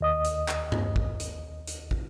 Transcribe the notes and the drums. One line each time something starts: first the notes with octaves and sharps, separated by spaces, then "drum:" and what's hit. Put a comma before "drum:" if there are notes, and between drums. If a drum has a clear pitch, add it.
D#2 D#5 D#6
drum: hi-hat
drum: clap
drum: tom G2
drum: kick
drum: hi-hat
drum: hi-hat
drum: kick